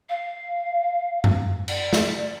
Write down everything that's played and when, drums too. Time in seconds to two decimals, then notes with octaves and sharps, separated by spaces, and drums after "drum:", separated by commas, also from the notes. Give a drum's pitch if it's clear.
0.09 F5
1.24 drum: tom F#2
1.68 D5, drum: cymbal
1.93 drum: snare